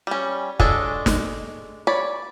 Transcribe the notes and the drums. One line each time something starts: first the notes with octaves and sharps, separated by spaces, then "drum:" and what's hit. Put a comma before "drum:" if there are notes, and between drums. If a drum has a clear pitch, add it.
G3 C#4
G#3 D4 A4 C#5, drum: kick
drum: snare
C#5 D5 B5